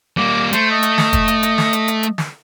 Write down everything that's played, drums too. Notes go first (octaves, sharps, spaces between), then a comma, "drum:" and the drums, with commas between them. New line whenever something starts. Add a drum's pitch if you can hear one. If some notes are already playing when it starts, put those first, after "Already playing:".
G3 A#3 D6
A3 C5, drum: hi-hat
D#5
drum: hi-hat
drum: snare
drum: kick, hi-hat
drum: hi-hat
drum: hi-hat
drum: snare
drum: hi-hat
drum: hi-hat
drum: hi-hat
drum: snare